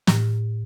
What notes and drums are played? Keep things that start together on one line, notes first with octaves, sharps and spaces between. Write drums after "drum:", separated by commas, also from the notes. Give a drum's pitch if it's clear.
A2, drum: snare